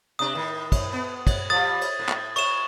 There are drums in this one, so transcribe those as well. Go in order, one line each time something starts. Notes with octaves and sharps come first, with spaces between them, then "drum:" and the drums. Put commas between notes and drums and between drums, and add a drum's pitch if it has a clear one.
C3 D4 D#6
A2 D#3
drum: kick, cymbal
B3
drum: kick, cymbal
F3 G3 D#6 A6
drum: cymbal
A2
drum: clap
C#6 E7, drum: cymbal